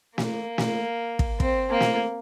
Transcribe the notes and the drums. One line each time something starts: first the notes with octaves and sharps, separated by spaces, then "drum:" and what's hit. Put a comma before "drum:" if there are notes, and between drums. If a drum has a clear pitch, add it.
A#3, drum: snare
drum: snare
drum: kick
C4, drum: kick
A#3
drum: snare